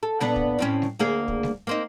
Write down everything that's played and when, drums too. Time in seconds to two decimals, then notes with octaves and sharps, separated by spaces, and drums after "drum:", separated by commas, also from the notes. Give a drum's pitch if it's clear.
0.03 A4
0.20 A#2 B3 D4, drum: snare G3
0.36 drum: kick
0.59 A2 C4 C#4
0.82 drum: snare G3
0.99 D2 A#3 G#4
1.28 drum: kick
1.43 drum: snare G3
1.67 A#3 C4 D#4